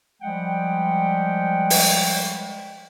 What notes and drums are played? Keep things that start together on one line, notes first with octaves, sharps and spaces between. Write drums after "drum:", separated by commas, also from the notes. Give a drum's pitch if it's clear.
F3 G3 G#3 F#5 G5
drum: open hi-hat